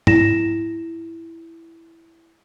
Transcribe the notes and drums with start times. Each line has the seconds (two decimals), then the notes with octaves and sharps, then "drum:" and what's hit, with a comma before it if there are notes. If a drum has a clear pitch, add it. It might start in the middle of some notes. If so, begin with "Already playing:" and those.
0.07 E4 A#6 E7, drum: tom G#2